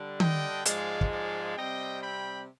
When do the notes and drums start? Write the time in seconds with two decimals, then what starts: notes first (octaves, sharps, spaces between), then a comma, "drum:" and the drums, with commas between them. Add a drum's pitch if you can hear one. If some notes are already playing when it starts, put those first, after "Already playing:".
Already playing: D3 G3 D4
0.20 D#5 G5, drum: tom D#3
0.65 G#2 F3 G#3 D5 F5, drum: hi-hat
1.01 drum: kick
1.11 D5 F5
1.56 C3 G3 C4 D#5 G5
2.02 G5 B5